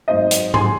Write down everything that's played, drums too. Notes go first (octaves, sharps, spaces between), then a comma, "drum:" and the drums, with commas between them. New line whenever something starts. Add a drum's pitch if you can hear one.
G#1 G#2 F#3 C5 D#5
drum: hi-hat
G#5 C6, drum: tom G#2